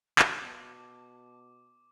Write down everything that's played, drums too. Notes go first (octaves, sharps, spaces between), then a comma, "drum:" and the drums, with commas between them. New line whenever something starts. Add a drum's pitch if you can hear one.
B2 A5 D6, drum: clap